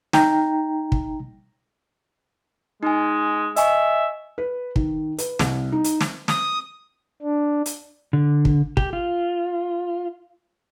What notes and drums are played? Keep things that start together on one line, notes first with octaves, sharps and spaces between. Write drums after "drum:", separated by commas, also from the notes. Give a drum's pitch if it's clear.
D#4 G5 A#5, drum: snare
drum: kick
G#3 D#4 G#5
D#5 E5 G#5 C#6, drum: hi-hat
B4
D#3, drum: kick
B4, drum: hi-hat
C2, drum: snare
D#4
drum: hi-hat
drum: snare
D#6, drum: snare
D4
drum: hi-hat
D3
drum: kick
G4, drum: kick
F4